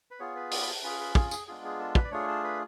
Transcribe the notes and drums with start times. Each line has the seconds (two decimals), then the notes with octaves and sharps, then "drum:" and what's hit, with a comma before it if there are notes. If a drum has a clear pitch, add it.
0.11 B4
0.20 B3 F4 G#4 C#5
0.36 B4
0.51 D5, drum: open hi-hat
0.62 B5
0.68 A5
0.83 C#4 F4 G#4 B4
1.00 B4
1.15 G#4, drum: kick
1.31 G#4, drum: tambourine
1.48 G#3 B3 D4 F4 G#4
1.64 G#4
1.79 A4
1.95 B4, drum: kick
2.05 D5
2.11 A3 D4 F4 G#4 C#5
2.28 A4
2.44 B4